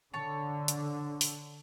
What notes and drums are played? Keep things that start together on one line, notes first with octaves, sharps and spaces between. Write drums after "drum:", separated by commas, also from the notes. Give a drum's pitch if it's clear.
D3 C#5 A5
drum: hi-hat
drum: open hi-hat